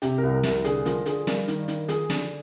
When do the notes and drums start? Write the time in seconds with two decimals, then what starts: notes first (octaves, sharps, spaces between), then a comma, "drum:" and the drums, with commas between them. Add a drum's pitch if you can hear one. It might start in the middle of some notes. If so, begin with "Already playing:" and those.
0.02 C3 G4, drum: hi-hat
0.18 C2 A#4
0.34 A#4
0.43 C2, drum: snare
0.49 A#4
0.64 D3 G#4, drum: hi-hat
0.86 F3 A#4, drum: hi-hat
1.06 D3 G#4, drum: hi-hat
1.27 G2 A#4, drum: snare
1.48 D#3, drum: hi-hat
1.68 D#3, drum: hi-hat
1.88 F3 G#4, drum: hi-hat
2.10 D3, drum: snare